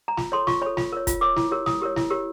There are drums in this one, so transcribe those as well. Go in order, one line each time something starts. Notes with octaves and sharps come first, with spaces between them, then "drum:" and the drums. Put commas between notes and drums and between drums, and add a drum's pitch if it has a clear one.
A#5
F4 B5, drum: snare
A4 C#5 C6
F4 C#6, drum: snare
A4 C#5 B5
F4 B5, drum: snare
A#4 C#5
F4, drum: kick, hi-hat
A#4 C#5 D6
E4, drum: snare
G4 A#4 C#5
E4 D#6, drum: snare
G4 A#4 C#5
E4, drum: snare
G4 A#4 C#5